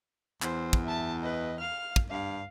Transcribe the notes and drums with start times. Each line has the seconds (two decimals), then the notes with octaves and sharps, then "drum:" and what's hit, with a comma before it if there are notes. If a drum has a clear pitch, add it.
0.42 E2 C5, drum: clap
0.73 drum: kick
0.85 E5 A5
1.21 B4 D#5
1.60 F5 F6
1.96 drum: kick
2.10 G2 F5